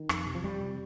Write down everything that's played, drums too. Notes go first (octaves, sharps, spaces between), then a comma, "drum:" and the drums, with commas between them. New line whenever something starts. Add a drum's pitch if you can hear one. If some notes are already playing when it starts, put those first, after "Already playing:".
Already playing: D#3
F2, drum: rim click
C3
F3
F2 G3
C3